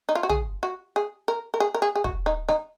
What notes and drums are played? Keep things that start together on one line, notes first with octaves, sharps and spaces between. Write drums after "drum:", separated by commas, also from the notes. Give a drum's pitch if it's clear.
D#4
F4
F#4
G#4, drum: tom
F#4
G#4
A#4
A#4
G#4
A#4
G#4
G#4
F#4, drum: kick
D#4
D#4, drum: rim click